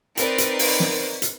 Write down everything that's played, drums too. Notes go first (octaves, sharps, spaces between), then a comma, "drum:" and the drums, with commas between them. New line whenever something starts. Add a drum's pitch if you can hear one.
C4 D#4 A#4 B4 D5 C7, drum: hi-hat
drum: hi-hat
drum: open hi-hat
drum: snare
drum: hi-hat